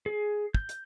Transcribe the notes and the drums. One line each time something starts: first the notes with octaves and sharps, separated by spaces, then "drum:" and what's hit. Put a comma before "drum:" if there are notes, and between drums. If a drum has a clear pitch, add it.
G#4
G6, drum: kick
drum: hi-hat